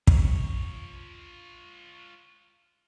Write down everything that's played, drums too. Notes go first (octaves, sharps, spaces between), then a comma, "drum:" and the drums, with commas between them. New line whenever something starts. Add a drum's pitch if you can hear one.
F4 C#5, drum: kick